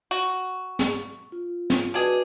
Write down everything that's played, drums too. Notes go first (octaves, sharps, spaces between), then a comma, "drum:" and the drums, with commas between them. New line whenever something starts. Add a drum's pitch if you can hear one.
F#4
drum: snare
F4
drum: snare
D4 F#4 G#4 B4 D#5